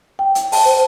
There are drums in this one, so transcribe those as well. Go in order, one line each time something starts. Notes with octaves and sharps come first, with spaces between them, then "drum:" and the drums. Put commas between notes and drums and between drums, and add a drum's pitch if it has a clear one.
G5
drum: hi-hat
A5, drum: open hi-hat
C5